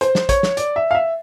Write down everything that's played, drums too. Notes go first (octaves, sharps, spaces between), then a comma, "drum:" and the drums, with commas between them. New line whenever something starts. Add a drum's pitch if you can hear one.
C5, drum: hi-hat
drum: snare
C#5, drum: kick, hi-hat
drum: snare
D5, drum: hi-hat
E5
F5
E5